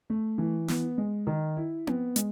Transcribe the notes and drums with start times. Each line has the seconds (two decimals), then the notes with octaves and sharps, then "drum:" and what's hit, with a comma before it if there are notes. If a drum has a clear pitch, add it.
0.10 A3
0.38 E3
0.68 B3, drum: snare
0.98 G#3
1.27 D#3
1.57 E4
1.87 B3, drum: tom C4
2.16 G#3, drum: hi-hat